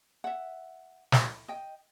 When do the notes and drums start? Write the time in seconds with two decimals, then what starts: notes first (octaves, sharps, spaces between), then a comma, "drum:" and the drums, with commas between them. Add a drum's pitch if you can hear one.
0.24 E5 F#5
1.12 drum: snare
1.48 D#5 G5